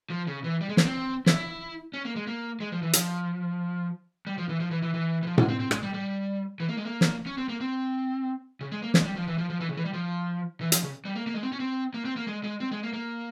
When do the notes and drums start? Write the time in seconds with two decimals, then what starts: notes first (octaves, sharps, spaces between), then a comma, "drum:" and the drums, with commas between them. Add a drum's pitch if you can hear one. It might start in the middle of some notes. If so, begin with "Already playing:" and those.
0.10 F3
0.27 C#3
0.44 E3
0.61 G3
0.69 G#3
0.77 A#3, drum: snare
0.85 C4
1.26 E4, drum: snare
1.94 C#4
2.05 A#3
2.16 G#3
2.27 A#3
2.60 G#3
2.72 F3
2.83 E3
2.93 F3, drum: hi-hat
4.27 G3
4.38 F3
4.49 E3
4.60 F3
4.71 E3
4.82 E3
4.94 E3
5.23 E3
5.27 F3
5.38 G#3, drum: tom A2
5.49 C4
5.60 C4
5.71 G#3, drum: rim click
5.83 G3
5.94 G3
6.60 E3
6.68 A#3
6.77 G#3
6.85 A#3
7.01 drum: snare
7.26 C#4
7.38 C4
7.49 A#3
7.60 C4
8.61 C#3
8.72 G#3
8.82 A#3
8.94 G#3, drum: snare
9.05 G3
9.16 F3
9.28 E3
9.38 F3
9.50 F3
9.61 E3
9.69 C#3
9.77 E3
9.85 G3
9.94 F3
10.61 E3
10.72 F3, drum: hi-hat
10.83 C#3
11.05 G3
11.15 A#3
11.27 A#3
11.35 G#3
11.43 C4
11.52 C#4
11.60 C4
11.94 A#3
12.05 C4
12.16 A#3
12.27 G#3
12.44 G#3
12.60 C4
12.71 G#3
12.83 A#3
12.93 A#3